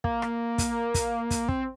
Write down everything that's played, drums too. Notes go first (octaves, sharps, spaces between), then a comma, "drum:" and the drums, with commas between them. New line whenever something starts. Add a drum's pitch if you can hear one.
A#3, drum: kick
drum: rim click
drum: kick, hi-hat
drum: kick, hi-hat
drum: kick, hi-hat
C4, drum: kick